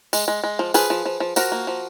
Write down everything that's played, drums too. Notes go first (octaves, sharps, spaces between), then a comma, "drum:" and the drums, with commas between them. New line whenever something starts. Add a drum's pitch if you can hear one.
G#3, drum: tambourine
G#3
G#3
F3
F3 G#4 B4, drum: tambourine
F3
F3
F3
F3 F#4 A#4, drum: tambourine
A#3
F3